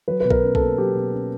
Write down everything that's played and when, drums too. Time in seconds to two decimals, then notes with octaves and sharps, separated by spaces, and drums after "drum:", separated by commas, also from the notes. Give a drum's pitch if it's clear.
0.08 F#3 B4
0.20 B2 B4
0.30 A#4, drum: kick B1
0.43 C#4
0.55 A4, drum: kick B1
0.60 A#3
0.78 F#3 G4
0.94 B2
1.12 C#4